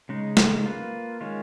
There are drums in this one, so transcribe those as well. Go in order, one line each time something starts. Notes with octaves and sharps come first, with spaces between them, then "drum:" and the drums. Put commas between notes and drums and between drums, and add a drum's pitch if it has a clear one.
C#3 G#3 D#4
drum: snare
A#3 F4 B4
D#3 G#3 C#4 F4